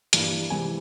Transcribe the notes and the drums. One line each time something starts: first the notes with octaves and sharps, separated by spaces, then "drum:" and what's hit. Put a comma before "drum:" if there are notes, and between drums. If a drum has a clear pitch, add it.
G2 E3 G3 A#3, drum: hi-hat
C3 E3 G#3 G#5